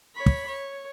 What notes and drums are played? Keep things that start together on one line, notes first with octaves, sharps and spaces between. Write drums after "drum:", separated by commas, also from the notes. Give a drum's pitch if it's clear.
C#5 B5
drum: kick
C#5